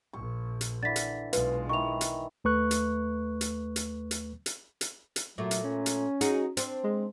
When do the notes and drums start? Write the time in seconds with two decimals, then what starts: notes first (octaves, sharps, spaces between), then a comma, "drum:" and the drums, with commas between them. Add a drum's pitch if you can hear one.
0.13 A#1 C#6
0.61 drum: hi-hat
0.83 D3 E3 A6 B6
0.96 drum: hi-hat
1.33 B1 G#3 F4 B4, drum: hi-hat
1.69 D#3 E3 C#6 F7
2.01 drum: hi-hat
2.44 D#2 A3 B4 C#6 F#6
2.71 drum: hi-hat
3.41 drum: hi-hat
3.76 drum: hi-hat
4.11 drum: hi-hat
4.46 drum: hi-hat
4.81 drum: hi-hat
5.16 drum: hi-hat
5.38 A#2 F#3 A3
5.51 drum: hi-hat
5.64 C#4
5.86 drum: hi-hat
6.21 D#4 F#4 G#4, drum: hi-hat
6.57 C4 D4, drum: hi-hat
6.84 G#3